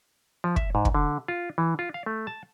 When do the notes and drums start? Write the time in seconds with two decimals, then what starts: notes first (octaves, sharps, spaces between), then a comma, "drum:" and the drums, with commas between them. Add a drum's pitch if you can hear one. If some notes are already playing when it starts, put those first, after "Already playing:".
0.44 F3
0.56 E5, drum: kick
0.75 G#2
0.85 drum: kick
0.94 D3
1.28 F4
1.58 E3
1.79 F4
1.94 F5
2.06 A3
2.27 A5